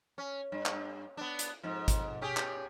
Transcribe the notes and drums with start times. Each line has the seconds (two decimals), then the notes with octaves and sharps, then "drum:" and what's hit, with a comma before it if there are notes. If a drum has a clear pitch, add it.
0.18 C#4
0.52 G2
0.66 drum: clap
1.17 B3 D4
1.39 drum: hi-hat
1.63 F2 G#2
1.88 drum: kick G#1, hi-hat
2.22 C#4 G4 G#4
2.37 drum: clap